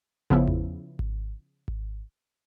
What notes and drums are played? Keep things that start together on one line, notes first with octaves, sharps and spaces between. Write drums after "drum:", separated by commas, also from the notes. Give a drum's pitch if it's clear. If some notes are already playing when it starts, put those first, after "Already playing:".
C#3 F3 B3 E4, drum: kick G#1
drum: tom E2
drum: kick G#1
drum: kick G#1